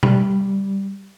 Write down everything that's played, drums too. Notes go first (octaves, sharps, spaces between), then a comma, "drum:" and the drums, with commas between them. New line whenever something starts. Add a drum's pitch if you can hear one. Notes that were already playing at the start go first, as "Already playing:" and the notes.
G3, drum: tom B2